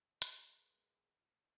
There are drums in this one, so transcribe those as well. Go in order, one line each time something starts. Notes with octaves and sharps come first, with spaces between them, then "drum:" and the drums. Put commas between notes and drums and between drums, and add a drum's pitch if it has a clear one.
G#3 A#3 B4, drum: hi-hat